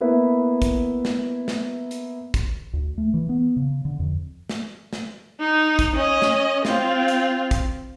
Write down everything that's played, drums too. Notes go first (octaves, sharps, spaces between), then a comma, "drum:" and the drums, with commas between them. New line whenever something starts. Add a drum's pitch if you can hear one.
A#3 B3 E4 B4
drum: kick, hi-hat
drum: snare
drum: snare
drum: hi-hat
drum: kick, hi-hat
D2
A3
E3
B3
C#3
D3
F2
drum: snare
drum: snare
D#4
drum: kick, hi-hat
C#4 D#5
drum: snare
C4 F4, drum: snare
drum: hi-hat
drum: kick, hi-hat